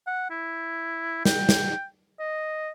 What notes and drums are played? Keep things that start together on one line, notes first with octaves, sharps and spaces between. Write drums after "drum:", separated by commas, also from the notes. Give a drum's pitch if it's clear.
F#5
E4
G5, drum: snare
drum: snare
D#5